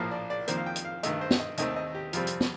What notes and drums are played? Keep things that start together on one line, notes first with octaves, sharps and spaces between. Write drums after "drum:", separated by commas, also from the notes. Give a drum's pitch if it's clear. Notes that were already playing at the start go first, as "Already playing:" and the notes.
Already playing: A#1 A2 F3 A#3 F5
D5
D5
F2 D#3 A#3 C5, drum: hi-hat
F5
G5
drum: hi-hat
F5
G2 D#3 A3 D#5, drum: hi-hat
C5
drum: snare
D#5
D#2 D#3 A3 C4 D#5, drum: hi-hat
D#5
G4
F2 C3 G3 C4 F4, drum: hi-hat
drum: hi-hat
drum: snare